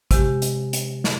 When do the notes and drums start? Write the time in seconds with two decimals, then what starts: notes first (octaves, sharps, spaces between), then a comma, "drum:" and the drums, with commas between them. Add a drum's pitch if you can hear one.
0.11 C3 G#3 G4, drum: kick, hi-hat
0.42 drum: hi-hat
0.73 drum: hi-hat
1.04 drum: snare